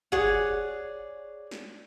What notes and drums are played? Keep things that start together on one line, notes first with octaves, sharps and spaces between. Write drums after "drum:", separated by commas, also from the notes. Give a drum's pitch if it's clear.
G#4 C#5 D5 F#5, drum: kick
drum: snare